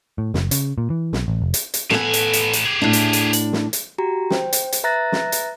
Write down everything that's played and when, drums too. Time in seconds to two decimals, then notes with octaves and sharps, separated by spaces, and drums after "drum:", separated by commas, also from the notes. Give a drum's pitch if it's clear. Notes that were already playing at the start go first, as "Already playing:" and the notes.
0.18 A2
0.34 F#1, drum: snare
0.51 C#3, drum: hi-hat
0.78 A#2
0.90 E3
1.13 B1, drum: snare
1.28 A1
1.42 F1
1.54 drum: hi-hat
1.74 drum: hi-hat
1.91 A2 B3 A4 G#5, drum: snare
2.13 drum: hi-hat
2.33 drum: hi-hat
2.53 drum: hi-hat
2.66 G4 G#4
2.82 A2 D4
2.93 drum: hi-hat
3.13 drum: hi-hat
3.33 drum: hi-hat
3.53 drum: snare
3.73 drum: hi-hat
3.98 F#4 G4 A#5
4.31 C5 G5, drum: snare
4.53 drum: hi-hat
4.73 drum: hi-hat
4.84 B4 E5 A#5 F#6 A6 A#6
5.12 drum: snare
5.32 drum: hi-hat